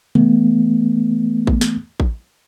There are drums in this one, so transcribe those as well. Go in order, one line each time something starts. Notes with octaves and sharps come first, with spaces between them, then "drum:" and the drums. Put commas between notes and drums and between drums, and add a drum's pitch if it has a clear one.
E3 A3 B3, drum: tom C3
drum: kick A1
drum: snare
drum: kick A1